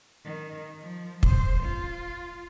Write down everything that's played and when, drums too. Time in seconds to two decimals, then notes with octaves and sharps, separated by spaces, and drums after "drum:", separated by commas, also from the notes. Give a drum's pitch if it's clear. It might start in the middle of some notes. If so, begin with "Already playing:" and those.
0.24 D#3
0.80 F3
1.23 C5, drum: kick
1.63 F4